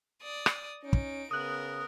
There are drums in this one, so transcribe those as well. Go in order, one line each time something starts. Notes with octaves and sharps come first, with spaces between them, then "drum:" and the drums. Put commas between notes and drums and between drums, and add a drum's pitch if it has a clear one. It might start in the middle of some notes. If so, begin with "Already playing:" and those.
D5 D#6
drum: rim click
C#4 D#4 D7
drum: kick
C#3 B3 A#4 D#6 F#6